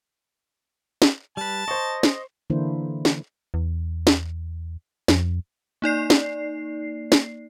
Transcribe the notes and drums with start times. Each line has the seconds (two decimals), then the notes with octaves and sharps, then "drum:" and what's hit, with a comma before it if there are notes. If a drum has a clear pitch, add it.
1.02 drum: snare
1.37 G3 B4 A5
1.68 C5 D#5 C#6
2.03 drum: snare
2.50 D3 E3 A#3 D4 E4 C5
3.05 drum: snare
3.54 E2
4.07 drum: snare
5.08 F2, drum: snare
5.82 A#3 D#4 D5 C7
6.10 drum: snare
7.12 drum: snare